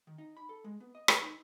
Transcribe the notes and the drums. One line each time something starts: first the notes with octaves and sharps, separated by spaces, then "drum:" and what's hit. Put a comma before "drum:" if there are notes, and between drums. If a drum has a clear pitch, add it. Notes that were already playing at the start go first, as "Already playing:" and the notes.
D#3
D#4
B5
A4
G#3
B3
D#5
B4, drum: rim click
D#4